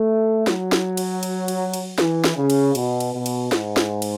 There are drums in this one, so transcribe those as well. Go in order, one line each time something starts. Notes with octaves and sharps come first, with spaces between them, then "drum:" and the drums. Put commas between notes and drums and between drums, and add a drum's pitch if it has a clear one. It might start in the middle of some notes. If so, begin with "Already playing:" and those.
Already playing: A3
F#3, drum: snare
drum: snare
drum: cymbal
drum: cymbal
drum: cymbal
drum: cymbal
E3, drum: snare
drum: snare
C#3
drum: cymbal
B2, drum: cymbal
drum: cymbal
B2
drum: cymbal
G#2, drum: snare
drum: snare
drum: cymbal